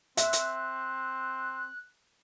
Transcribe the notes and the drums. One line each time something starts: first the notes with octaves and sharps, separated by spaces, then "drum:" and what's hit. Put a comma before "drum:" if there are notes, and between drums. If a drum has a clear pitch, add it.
C4 E5 F#6, drum: hi-hat
drum: hi-hat